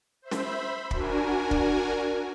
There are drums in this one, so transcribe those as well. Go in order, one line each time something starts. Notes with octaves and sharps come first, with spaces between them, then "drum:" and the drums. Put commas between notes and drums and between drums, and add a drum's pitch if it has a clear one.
C5 E5 B5
drum: snare
D4 F#4 A#4 G#5, drum: kick
drum: kick